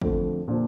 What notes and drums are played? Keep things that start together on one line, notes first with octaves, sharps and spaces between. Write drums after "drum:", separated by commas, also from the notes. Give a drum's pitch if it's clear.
F2 D3 A3, drum: kick
A#2 F3 A#3 D4